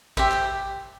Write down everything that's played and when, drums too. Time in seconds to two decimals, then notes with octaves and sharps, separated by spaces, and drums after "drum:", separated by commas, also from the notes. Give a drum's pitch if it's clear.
0.17 G4 C5 E5, drum: kick G#1
0.31 drum: clap